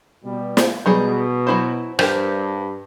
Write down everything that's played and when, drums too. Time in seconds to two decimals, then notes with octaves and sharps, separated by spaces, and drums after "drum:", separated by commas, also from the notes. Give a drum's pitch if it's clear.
0.24 B2 G3
0.57 drum: snare
0.86 B2 F#3 G3 G#4
1.47 F#3 E4 C5
1.99 G2 G4 A#4 C5, drum: rim click